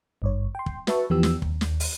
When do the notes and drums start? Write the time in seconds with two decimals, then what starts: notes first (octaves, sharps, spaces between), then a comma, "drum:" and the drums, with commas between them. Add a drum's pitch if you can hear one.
0.22 G#1 G2 C#5
0.55 G5 C6
0.66 drum: kick
0.87 F#4 B4 E5 A5 C#6, drum: snare
1.10 E2 E3 F3 B3 G4 E6
1.23 drum: snare
1.42 D#2, drum: kick
1.61 drum: snare
1.80 drum: open hi-hat